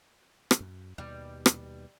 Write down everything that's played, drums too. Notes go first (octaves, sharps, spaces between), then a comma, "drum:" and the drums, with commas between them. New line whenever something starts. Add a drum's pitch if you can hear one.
drum: rim click
F#2
D#2 B2 G3
drum: rim click